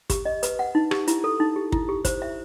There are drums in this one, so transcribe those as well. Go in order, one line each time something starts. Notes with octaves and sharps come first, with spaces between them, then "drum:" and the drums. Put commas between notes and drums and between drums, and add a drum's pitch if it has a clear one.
G4, drum: kick, hi-hat
D#5
B4, drum: hi-hat
F#5
D#4
G4, drum: rim click
E4, drum: hi-hat
A4
D#4
G4
E4, drum: kick
G4
C5, drum: kick, hi-hat
E5